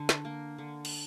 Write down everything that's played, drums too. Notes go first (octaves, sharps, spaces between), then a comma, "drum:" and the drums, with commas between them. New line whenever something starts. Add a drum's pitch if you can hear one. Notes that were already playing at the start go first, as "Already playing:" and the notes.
Already playing: D3 D4
drum: snare
A#3
D3
drum: cymbal